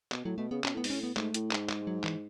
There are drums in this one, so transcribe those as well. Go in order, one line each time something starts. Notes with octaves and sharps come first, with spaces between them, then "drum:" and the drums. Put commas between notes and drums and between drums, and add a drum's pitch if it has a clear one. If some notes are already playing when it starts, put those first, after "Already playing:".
B2, drum: clap
A2 F#3
B2 A3
C#3 B3
B2 C#4, drum: clap
A2 B3
G#2, drum: open hi-hat
C#4
A2
B3
G#2 A3, drum: clap
A2, drum: hi-hat
G#2, drum: clap
G#3, drum: clap
F#3
E3, drum: clap